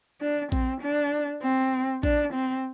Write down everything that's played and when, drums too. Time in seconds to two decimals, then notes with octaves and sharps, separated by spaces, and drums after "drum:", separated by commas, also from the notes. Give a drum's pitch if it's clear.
0.21 D4
0.52 C4, drum: kick A#1
0.81 D4
1.43 C4
2.03 D4, drum: kick A#1
2.34 C4